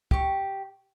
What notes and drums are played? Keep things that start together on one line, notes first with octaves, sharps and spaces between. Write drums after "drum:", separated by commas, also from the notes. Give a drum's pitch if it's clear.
G4 C#6, drum: kick